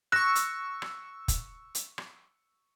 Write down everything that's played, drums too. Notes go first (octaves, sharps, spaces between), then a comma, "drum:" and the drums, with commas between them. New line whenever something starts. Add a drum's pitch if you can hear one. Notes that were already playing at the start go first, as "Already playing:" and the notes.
C#6 E6 F#6 A#6, drum: rim click
drum: hi-hat
drum: rim click
drum: kick, hi-hat
drum: hi-hat
drum: rim click